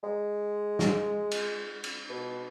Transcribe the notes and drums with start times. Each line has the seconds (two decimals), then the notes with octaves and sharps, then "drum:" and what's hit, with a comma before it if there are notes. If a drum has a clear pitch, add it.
0.04 G#3
0.79 drum: snare
1.31 drum: cymbal
1.84 drum: cymbal
2.10 B2